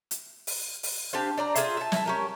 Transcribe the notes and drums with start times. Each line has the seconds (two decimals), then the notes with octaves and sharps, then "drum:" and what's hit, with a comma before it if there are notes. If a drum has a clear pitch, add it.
0.11 drum: hi-hat
0.47 drum: open hi-hat
0.83 drum: open hi-hat
1.13 D4 G4 C5 F5
1.38 D4 D5 A#5
1.55 F4 G#4 C5 E5, drum: hi-hat
1.77 E5 A5
1.92 E4 E5 A5, drum: snare
2.06 C#4 G4 A#4